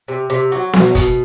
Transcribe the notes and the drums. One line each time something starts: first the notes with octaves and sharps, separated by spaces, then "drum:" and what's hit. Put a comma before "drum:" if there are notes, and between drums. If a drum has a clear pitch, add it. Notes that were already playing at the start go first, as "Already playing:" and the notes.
C3
C3
F#3
B2, drum: snare B3
B2, drum: kick, hi-hat